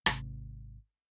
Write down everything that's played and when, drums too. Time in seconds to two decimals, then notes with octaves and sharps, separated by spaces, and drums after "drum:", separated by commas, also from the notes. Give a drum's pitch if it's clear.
0.06 G#1 C3, drum: rim click